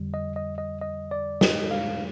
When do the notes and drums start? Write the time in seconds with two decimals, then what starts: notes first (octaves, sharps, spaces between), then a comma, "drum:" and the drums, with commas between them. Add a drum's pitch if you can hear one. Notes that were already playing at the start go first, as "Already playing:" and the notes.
Already playing: F2 D3 G3
0.14 D#5
0.36 D#5
0.58 D#5
0.82 D#5
1.11 D5
1.41 D#5, drum: snare
1.71 F5